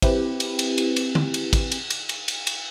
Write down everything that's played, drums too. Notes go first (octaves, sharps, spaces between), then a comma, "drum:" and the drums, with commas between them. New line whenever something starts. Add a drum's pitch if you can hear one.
C4 E4 G4 B4, drum: kick, cymbal
drum: cymbal
drum: cymbal
drum: cymbal
drum: cymbal
drum: tom D3
drum: cymbal
drum: kick, cymbal
drum: cymbal
drum: cymbal
drum: cymbal
drum: cymbal
drum: cymbal